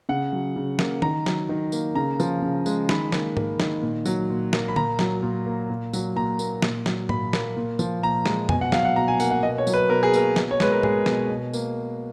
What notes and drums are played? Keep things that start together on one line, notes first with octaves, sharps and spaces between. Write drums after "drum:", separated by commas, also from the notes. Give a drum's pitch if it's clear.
C#3 F#5
F#3
C#3
A#3, drum: snare
D#3 A#5, drum: tom
F#3, drum: snare
D#3
A#3, drum: tambourine
C#3 A#5
F3, drum: tambourine
C#3
G#3, drum: tambourine
D#3 B5, drum: snare
A#3, drum: snare
A#3, drum: tom G#2
D#3, drum: snare
A#2
F#3, drum: tambourine
A#2
A#3, drum: snare
B5
A#2 A#5, drum: tom
F#3, drum: snare
A#2
A#3
A#2
F#3, drum: tambourine
A#2 A#5
A#3, drum: tambourine
A#2, drum: snare
F#3, drum: snare
A#2 B5, drum: tom G#2
A#3, drum: snare
A#2
F3, drum: tambourine
A#2 A#5
G#3, drum: snare
B2 G#5, drum: tom F2
F#5
F#3 F5, drum: snare
F#5
B2 A#5
G#5
A#3 F#5, drum: tambourine
F#5
B2 D#5
C#5
F#3, drum: tambourine
B4
B2 A#4
G#4
A#3 A#4, drum: tambourine
B2, drum: snare
C#5
G#3 B4, drum: snare
A#4
G#3 G#4, drum: tom G#2
B2, drum: snare
B2
A#3, drum: tambourine